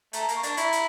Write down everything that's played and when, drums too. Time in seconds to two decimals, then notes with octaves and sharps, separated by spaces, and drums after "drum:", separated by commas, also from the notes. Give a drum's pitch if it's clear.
0.13 A3 A#5, drum: hi-hat
0.29 A#3, drum: hi-hat
0.36 C#6
0.43 D4, drum: hi-hat
0.57 E4 A#5, drum: hi-hat
0.73 drum: hi-hat